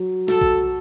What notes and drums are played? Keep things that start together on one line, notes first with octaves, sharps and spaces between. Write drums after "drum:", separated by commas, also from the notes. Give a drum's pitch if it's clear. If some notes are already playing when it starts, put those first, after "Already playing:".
Already playing: F#3
F#4 A4, drum: snare
drum: kick A#1